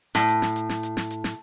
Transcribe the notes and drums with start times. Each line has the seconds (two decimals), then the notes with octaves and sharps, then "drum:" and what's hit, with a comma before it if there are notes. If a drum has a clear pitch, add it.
0.15 A2, drum: snare
0.28 drum: hi-hat
0.42 drum: snare
0.56 drum: hi-hat
0.69 drum: snare
0.83 drum: hi-hat
0.97 drum: snare
1.10 drum: hi-hat
1.24 drum: snare